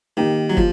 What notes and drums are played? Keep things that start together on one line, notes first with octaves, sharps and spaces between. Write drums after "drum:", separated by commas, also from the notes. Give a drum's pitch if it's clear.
D#3 A#3 D#4 G4
F#3
F3, drum: kick